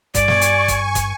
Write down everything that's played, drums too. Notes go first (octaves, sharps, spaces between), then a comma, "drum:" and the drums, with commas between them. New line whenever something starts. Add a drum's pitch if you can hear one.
G2 D5 G#5 C#6, drum: kick, hi-hat
drum: snare
drum: hi-hat
drum: kick, hi-hat
drum: kick, hi-hat